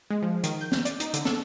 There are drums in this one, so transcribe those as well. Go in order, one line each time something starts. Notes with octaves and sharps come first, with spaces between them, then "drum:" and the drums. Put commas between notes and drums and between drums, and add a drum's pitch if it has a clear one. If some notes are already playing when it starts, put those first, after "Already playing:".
G#3
F3
D#3, drum: hi-hat
G6
drum: snare
D5, drum: hi-hat
D#4, drum: hi-hat
D3, drum: hi-hat
A4, drum: snare